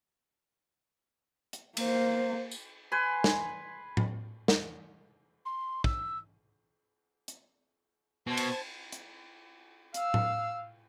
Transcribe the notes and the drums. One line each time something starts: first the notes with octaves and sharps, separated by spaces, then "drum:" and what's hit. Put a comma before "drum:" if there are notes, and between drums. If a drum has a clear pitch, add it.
drum: hi-hat
A#3 C5, drum: cymbal
drum: tambourine
B4 G#5 C6
drum: snare
drum: tom A2
drum: snare
C6
E6, drum: kick
drum: hi-hat
B2 C5 A5 G#6
drum: cymbal
drum: hi-hat
F5 E6, drum: hi-hat
drum: tom A2